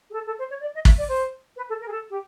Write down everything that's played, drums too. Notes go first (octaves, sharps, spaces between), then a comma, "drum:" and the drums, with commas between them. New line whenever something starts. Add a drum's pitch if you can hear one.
G#4
A4
A4
C5
C#5
D5
D#5
E5, drum: kick
D5
C5
B4
A4
A#4
G#4
A4
G4